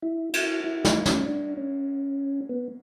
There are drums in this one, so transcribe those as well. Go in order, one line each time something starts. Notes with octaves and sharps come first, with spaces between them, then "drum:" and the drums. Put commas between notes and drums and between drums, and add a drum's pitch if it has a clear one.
E4
E4, drum: cymbal
E4
D#4, drum: snare
C#4, drum: snare
D4
C#4
B3